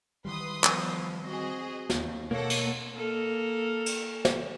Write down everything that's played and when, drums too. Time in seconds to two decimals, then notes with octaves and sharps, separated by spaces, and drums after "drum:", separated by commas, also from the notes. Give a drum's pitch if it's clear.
0.25 D#3 E3 G3 B4 C6 D#6
0.64 F3 B3, drum: clap
1.26 C4 F#4 G#4 D#5
1.90 D#2, drum: snare
2.31 B2 A#3 A4 C#5 F#5
2.50 drum: cymbal
2.96 A#3 A4 A#4
3.86 drum: cymbal
4.25 drum: snare